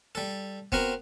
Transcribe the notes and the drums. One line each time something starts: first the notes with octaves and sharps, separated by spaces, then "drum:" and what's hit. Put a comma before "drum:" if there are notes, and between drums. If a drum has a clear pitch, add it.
G3 A4
B3 C4 F#4 A#4, drum: kick F1